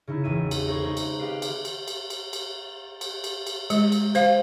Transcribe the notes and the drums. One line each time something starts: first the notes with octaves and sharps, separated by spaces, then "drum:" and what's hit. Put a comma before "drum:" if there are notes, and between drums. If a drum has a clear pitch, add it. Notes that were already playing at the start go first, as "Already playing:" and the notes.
C#3 D#4 E4
G#1 E2 E3 E5 E6 D#7
drum: cymbal
D#4 G#4 A4 C5 B5 C#6
G#3 D#4
drum: cymbal
C4 G4 B4 F5
drum: cymbal
drum: cymbal
drum: cymbal
drum: cymbal
drum: cymbal
drum: cymbal
drum: cymbal
drum: cymbal
G#3, drum: cymbal
drum: cymbal
C5 F5, drum: cymbal